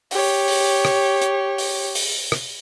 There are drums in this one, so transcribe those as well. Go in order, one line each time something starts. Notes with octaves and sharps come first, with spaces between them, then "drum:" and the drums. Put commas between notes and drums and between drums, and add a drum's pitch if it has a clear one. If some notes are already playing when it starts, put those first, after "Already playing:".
G4 C#5, drum: open hi-hat
drum: open hi-hat
drum: rim click
drum: hi-hat
drum: open hi-hat
drum: open hi-hat
drum: rim click